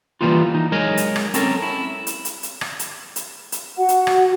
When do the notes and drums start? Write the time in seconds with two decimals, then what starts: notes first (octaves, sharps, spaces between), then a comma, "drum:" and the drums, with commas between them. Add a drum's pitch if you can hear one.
0.21 E3 F3 G3 A#3 B3 F4
0.54 D#4
0.72 F#3 G#3 A#4 C#5 D#5
0.97 drum: hi-hat
1.16 drum: rim click
1.34 C4 C#4 A4 A#4, drum: hi-hat
1.62 E4
2.07 drum: hi-hat
2.25 drum: hi-hat
2.43 drum: hi-hat
2.61 drum: rim click
2.79 drum: hi-hat
3.16 drum: hi-hat
3.52 drum: hi-hat
3.77 F#4 F#5
3.89 drum: hi-hat
4.07 drum: rim click